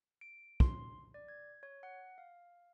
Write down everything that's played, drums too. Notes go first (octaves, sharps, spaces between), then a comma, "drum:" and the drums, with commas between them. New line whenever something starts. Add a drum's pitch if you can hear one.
D7
C6, drum: kick
D5
G#6
C#5
F#5
F5